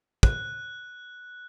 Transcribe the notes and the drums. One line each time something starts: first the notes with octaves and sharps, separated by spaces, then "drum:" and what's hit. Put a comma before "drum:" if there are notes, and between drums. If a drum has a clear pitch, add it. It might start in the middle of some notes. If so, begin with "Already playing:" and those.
F#6, drum: kick